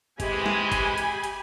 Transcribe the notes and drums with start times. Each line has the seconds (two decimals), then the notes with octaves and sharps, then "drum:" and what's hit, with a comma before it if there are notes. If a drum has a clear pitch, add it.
0.20 C3 E3 G#3 G4 G#5 B5, drum: kick, hi-hat
0.46 drum: snare
0.72 drum: kick, hi-hat
0.98 drum: hi-hat
1.24 drum: hi-hat